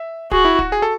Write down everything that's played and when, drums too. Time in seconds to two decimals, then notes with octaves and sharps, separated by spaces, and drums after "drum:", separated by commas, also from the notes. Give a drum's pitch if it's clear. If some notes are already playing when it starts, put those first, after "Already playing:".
Already playing: E5
0.31 F#4 G#4, drum: kick
0.45 E4
0.59 F#4, drum: kick
0.72 G#4
0.82 A4